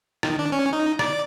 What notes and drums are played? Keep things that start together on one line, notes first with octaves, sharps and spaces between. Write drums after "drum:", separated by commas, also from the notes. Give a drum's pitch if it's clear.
D#3, drum: rim click
D4
C#4
D#4
D5, drum: rim click